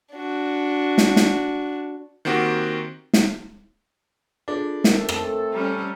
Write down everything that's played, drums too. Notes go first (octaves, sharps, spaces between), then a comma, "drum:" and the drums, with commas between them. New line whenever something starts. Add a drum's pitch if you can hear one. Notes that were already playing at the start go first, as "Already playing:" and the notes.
D4 F#4
drum: snare
drum: snare
D#3 A#3 C4 F#4 G4
drum: snare
D4 F4 G#4 A4
A3 C4 A4 A#4 D#5, drum: snare
drum: rim click
G3 C#4 C5 A#5 F6